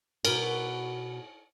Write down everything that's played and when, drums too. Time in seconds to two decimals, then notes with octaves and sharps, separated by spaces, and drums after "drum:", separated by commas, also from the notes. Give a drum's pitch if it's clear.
0.25 B2 A#4, drum: cymbal